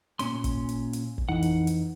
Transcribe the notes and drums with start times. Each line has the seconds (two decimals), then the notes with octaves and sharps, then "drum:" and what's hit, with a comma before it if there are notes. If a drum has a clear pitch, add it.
0.19 A#2 C#4 C6, drum: hi-hat
0.44 drum: kick, hi-hat
0.69 drum: hi-hat
0.93 drum: hi-hat
1.18 drum: kick
1.29 F2 E3 D#4 F#5
1.42 drum: hi-hat
1.67 drum: hi-hat